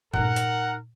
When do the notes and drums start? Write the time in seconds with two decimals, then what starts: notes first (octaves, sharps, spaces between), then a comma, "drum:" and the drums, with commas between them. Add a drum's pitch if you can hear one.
0.14 A#2 D#4 A#4 F#5, drum: tom G2
0.36 drum: hi-hat